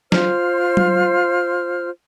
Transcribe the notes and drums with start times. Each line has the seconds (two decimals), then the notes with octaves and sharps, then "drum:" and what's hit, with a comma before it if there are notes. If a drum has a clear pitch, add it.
0.12 F4 C5 F6, drum: snare
0.77 drum: tom F#3